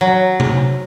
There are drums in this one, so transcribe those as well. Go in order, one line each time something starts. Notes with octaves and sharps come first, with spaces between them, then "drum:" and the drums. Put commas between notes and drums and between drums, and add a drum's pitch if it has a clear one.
F#3
drum: tom C3